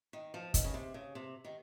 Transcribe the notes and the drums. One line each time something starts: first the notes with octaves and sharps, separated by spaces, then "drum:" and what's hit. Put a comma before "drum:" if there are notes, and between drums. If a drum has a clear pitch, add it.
D#3
F3
D#3, drum: kick, hi-hat
C#3
C3
C#3
C3
D#3